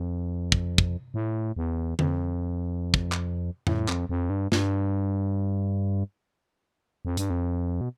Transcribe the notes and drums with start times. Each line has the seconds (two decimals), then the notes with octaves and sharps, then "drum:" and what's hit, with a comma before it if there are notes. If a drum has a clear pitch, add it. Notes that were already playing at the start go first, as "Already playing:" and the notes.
Already playing: F2
0.52 drum: kick
0.78 drum: kick
1.14 A2
1.56 E2
1.99 F2, drum: tom D3
2.94 drum: kick
3.12 drum: clap
3.67 A2, drum: tom F2
3.89 F2, drum: clap
4.09 F2
4.30 G2
4.52 G2, drum: snare
7.05 F2
7.17 G2, drum: hi-hat
7.30 F2
7.81 B2